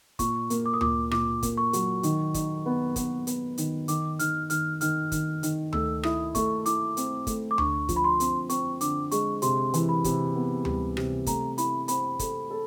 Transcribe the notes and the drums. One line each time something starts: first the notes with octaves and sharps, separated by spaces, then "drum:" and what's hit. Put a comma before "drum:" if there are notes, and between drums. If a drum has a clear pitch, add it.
A#2 C#6, drum: kick, hi-hat
A#3, drum: hi-hat
D6
D#6
A#2 D6, drum: tom D2
A#2 D6, drum: rim click
A#3, drum: kick, hi-hat
C#6
F#3, drum: hi-hat
D#3, drum: hi-hat
D#4, drum: kick, hi-hat
B3
B3, drum: kick, hi-hat
B3, drum: hi-hat
D#3, drum: hi-hat
D#3 D6, drum: hi-hat
D#3 F6, drum: hi-hat
D#3 F6, drum: hi-hat
D#3 F6, drum: hi-hat
D#3, drum: kick, hi-hat
D#3, drum: hi-hat
A3 E6, drum: tom D2
E4 D#6, drum: rim click
A3 C#6, drum: kick, hi-hat
E4 D6, drum: hi-hat
C4, drum: hi-hat
A3, drum: kick, hi-hat
D6
D3 C#6, drum: tom D2
F3, drum: kick, hi-hat
B5
C6
C4, drum: hi-hat
C4 C#6, drum: hi-hat
D3 D6, drum: hi-hat
G#3 C#6, drum: hi-hat
C3 C6, drum: hi-hat
E3, drum: hi-hat
B5
C3, drum: kick, hi-hat
B3
G3, drum: tom D2
C3, drum: rim click
A3 A#5, drum: kick, hi-hat
E4 B5, drum: hi-hat
C4 B5, drum: hi-hat
A4, drum: kick, hi-hat
A4